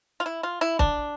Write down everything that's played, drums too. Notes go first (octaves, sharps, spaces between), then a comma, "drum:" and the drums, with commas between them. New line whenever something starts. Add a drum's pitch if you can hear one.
F4
E4
F4
E4
D4, drum: kick